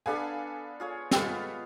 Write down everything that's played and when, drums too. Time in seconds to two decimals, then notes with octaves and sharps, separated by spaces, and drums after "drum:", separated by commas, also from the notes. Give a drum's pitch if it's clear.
0.06 B3 D4 A4 F5 G#5 B5
0.80 F4 G#4 C#5
1.11 G3 G#3 B3 F4 A4, drum: snare